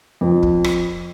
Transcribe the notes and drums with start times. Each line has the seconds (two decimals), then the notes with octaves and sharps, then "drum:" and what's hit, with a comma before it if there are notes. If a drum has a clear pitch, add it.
0.21 F2
0.43 drum: kick
0.64 drum: rim click